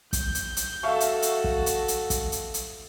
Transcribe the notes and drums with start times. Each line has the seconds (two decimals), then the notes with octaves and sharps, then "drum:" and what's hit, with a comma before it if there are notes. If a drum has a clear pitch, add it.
0.13 G6, drum: kick, hi-hat
0.35 drum: hi-hat
0.57 drum: hi-hat
0.83 F#4 A4 E5 F5 C#6
1.00 drum: hi-hat
1.22 drum: hi-hat
1.44 drum: kick
1.66 drum: hi-hat
1.88 drum: hi-hat
2.10 drum: kick, hi-hat
2.32 drum: hi-hat
2.54 drum: hi-hat